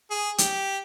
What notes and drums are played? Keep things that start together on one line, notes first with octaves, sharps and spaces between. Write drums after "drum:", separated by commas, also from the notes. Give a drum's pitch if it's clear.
G#4
G4, drum: hi-hat